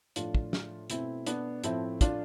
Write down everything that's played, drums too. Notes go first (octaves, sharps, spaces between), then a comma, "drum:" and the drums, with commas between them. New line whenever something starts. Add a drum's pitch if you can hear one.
A2 F3 A3 D4 F4, drum: hi-hat
drum: kick
drum: snare
B2 A3 C4 E4, drum: hi-hat
B3 D4, drum: hi-hat
A2 F3 A3 C4 E4, drum: hi-hat
D4 F4, drum: kick, hi-hat